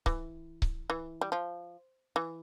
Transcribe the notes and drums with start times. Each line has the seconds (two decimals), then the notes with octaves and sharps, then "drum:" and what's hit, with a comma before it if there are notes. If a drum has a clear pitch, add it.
0.06 E3, drum: kick C#1
0.62 drum: kick C#1
0.90 E3
1.21 G3
1.32 F3
2.16 E3